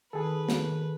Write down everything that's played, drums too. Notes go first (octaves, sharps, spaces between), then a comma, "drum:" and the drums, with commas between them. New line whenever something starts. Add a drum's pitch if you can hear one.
D#3 G#4 A4 B4
drum: snare